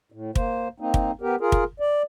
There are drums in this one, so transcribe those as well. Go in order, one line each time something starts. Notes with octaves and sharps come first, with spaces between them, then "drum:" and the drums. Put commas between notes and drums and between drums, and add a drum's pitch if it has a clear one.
A2
A#3 C5, drum: kick
A#3 C4 D#4
drum: kick
B3 G4 A#4
F4 G#4 A#4
drum: kick
D5